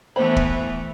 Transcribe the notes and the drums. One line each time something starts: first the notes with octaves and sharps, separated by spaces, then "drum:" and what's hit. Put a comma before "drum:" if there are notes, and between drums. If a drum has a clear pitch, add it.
E3 A3 B3 C5 B5
drum: kick